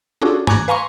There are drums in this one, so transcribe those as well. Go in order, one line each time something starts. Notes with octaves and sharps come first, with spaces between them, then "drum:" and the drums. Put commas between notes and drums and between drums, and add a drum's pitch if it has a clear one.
C#4 D4 F4 F#4 G#4 A4
G#5 A#5 C#6 D6 F#6 G#6, drum: tom G2
B4 F5 G#5 A#5 C6 C#6